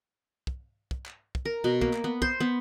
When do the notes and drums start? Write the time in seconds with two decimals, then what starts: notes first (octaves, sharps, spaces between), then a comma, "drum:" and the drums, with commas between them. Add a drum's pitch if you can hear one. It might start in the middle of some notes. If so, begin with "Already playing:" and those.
0.47 drum: kick
0.91 drum: kick
1.06 drum: clap
1.35 drum: kick
1.45 A#4
1.64 B2
1.81 A#3, drum: kick
1.93 drum: clap
2.04 B3
2.22 C5, drum: kick
2.40 B3